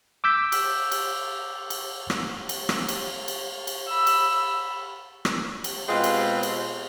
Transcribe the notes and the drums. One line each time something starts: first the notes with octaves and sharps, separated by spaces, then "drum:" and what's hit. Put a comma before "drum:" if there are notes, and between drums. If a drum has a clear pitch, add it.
D6 E6 G6 B6
drum: cymbal
drum: cymbal
drum: cymbal
drum: rim click
drum: cymbal
drum: rim click
drum: cymbal
drum: cymbal
drum: cymbal
B5 E6
drum: cymbal
drum: rim click
drum: cymbal
B2 G#3 C4 F4
drum: cymbal
drum: cymbal